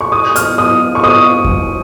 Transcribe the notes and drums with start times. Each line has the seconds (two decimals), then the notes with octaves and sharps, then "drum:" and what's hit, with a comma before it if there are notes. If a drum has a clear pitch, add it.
0.01 C#6
0.12 D#6
0.36 F6, drum: hi-hat
0.58 D#6
0.95 C#6
1.04 D#6
1.44 drum: kick F2